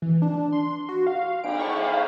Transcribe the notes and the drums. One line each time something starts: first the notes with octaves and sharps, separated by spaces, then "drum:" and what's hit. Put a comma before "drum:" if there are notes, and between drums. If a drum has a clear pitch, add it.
E3
D4
C6
F#4
F5
D7, drum: cymbal
C#6
F5